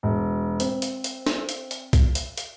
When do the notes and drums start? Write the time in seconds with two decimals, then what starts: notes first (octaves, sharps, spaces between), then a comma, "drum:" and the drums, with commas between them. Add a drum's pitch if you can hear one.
0.03 E1
0.60 C4, drum: hi-hat
0.82 drum: hi-hat
1.04 drum: hi-hat
1.27 drum: snare
1.49 drum: hi-hat
1.71 drum: hi-hat
1.93 drum: kick, hi-hat
2.15 drum: hi-hat
2.38 drum: hi-hat